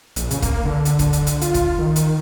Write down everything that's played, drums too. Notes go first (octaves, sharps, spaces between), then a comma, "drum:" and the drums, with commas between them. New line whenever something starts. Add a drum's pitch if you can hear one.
A#1, drum: hi-hat
C#3, drum: hi-hat
A#3, drum: kick, hi-hat
D3
drum: hi-hat
drum: kick, hi-hat
drum: hi-hat
drum: hi-hat
F4, drum: hi-hat
drum: kick, hi-hat
D#3
drum: hi-hat